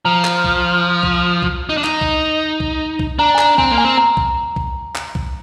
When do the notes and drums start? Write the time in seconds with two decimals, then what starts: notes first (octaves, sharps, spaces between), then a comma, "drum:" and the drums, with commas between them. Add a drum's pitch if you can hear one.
0.05 F3 A#5
0.25 drum: clap
0.44 drum: kick B1
1.03 drum: kick B1
1.43 drum: kick B1
1.69 D#4
1.77 D4
1.84 D#4, drum: clap
2.01 drum: kick B1
2.60 drum: kick B1
2.99 drum: kick B1
3.19 D4 A#5
3.35 G#5
3.39 A#5, drum: clap
3.58 C4 G#5, drum: kick B1
3.71 A#3
3.78 G#5
3.84 C4
3.98 A#5
4.17 drum: kick B1
4.56 drum: kick B1
4.96 drum: clap
5.15 drum: kick B1